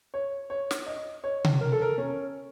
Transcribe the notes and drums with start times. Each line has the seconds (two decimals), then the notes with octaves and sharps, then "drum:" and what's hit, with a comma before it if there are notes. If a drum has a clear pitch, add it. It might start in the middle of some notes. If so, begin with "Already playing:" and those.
0.14 C#5
0.50 C#5
0.71 drum: snare
0.87 D#5
1.24 C#5
1.44 drum: tom C3
1.61 A#4
1.72 A4
1.82 A#4
1.98 C#4